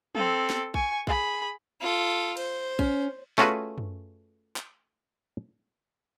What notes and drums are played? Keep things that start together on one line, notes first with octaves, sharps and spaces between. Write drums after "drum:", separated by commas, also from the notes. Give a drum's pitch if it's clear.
C4 A4, drum: tom
drum: snare
G#5 C#6, drum: kick A#1
G#4 B5, drum: kick A#1
F4 A4
C5, drum: cymbal
C#4, drum: kick A#1
A3 C#4 F4 F#4 G#4 B4, drum: snare
drum: tom F#2
drum: clap